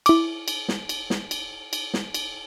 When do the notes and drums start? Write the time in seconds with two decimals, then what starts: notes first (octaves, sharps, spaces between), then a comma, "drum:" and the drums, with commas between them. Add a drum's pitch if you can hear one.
0.06 E4 D6, drum: cymbal
0.48 drum: cymbal
0.68 drum: snare
0.89 drum: cymbal
1.10 drum: snare
1.31 drum: cymbal
1.73 drum: cymbal
1.94 drum: snare
2.14 drum: cymbal